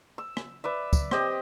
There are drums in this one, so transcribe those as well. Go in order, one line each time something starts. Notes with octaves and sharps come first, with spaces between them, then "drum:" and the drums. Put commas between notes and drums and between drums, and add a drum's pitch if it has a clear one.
E6
drum: rim click
B4 D5 E5
drum: kick, tambourine
C4 G4 D#5, drum: rim click